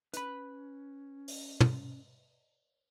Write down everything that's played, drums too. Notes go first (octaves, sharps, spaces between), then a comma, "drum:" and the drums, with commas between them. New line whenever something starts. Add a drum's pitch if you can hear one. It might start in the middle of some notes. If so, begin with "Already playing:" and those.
C#4 B4 B5, drum: hi-hat
drum: open hi-hat
drum: tom